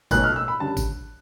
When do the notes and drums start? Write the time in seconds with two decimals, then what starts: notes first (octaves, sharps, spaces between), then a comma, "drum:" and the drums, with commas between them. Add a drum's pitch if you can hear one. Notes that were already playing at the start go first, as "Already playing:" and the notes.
0.11 B1 B2 F#3 A3 F#6, drum: kick G#1, tambourine
0.24 F6
0.36 E6
0.48 B5
0.60 F#2 D3 G3 A5
0.77 drum: kick G#1, tambourine